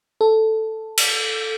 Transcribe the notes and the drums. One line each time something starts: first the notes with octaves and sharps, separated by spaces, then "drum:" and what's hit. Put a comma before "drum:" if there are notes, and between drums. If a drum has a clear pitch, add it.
A4
drum: cymbal